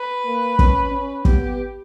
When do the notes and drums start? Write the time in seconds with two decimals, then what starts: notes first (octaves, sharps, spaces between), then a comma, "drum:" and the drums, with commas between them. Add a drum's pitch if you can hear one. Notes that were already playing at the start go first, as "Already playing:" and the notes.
Already playing: B4
0.25 A#3
0.59 C#4, drum: kick
0.92 C#4
1.25 B3 G4, drum: kick